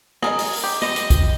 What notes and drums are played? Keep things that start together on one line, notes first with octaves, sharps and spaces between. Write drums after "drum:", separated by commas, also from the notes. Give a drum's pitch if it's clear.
G#4 A#4 D#5, drum: rim click
drum: open hi-hat
drum: open hi-hat
G4
D#5, drum: rim click
drum: hi-hat
drum: kick B1, hi-hat